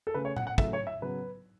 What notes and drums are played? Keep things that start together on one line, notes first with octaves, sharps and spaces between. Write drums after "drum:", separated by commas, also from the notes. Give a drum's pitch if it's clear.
A4
C#3 A3 B4
C#5
F#5, drum: tom A#2
F#5
C#3 F#3 A3 E5, drum: kick
C#5
E5
C#3 F#3 B3 B4